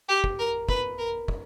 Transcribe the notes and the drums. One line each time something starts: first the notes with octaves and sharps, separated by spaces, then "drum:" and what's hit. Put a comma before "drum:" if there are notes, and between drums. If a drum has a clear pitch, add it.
G4
drum: kick
A#4
B4, drum: kick
A#4
drum: kick